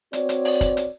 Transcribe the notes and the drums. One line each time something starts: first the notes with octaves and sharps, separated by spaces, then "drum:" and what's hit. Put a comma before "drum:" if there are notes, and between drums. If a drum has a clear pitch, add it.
C4 F#4 C#5 D5, drum: hi-hat
drum: hi-hat
drum: open hi-hat
drum: kick, hi-hat
drum: hi-hat